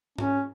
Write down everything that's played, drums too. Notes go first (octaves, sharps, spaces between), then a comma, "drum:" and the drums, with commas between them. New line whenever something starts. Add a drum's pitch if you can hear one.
C#4, drum: tom G#2